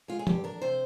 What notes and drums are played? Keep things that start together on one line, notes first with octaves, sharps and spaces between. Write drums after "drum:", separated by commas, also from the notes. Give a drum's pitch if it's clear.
G#3 F4
G#4
G2 G4, drum: tom E3
D4 A#4
C3 C5